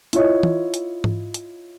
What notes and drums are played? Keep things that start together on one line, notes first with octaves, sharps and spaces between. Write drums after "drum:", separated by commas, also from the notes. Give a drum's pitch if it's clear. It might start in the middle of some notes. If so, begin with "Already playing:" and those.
E4 F4 C#5 D#5, drum: hi-hat
drum: tom
drum: hi-hat
drum: tom G#2
drum: hi-hat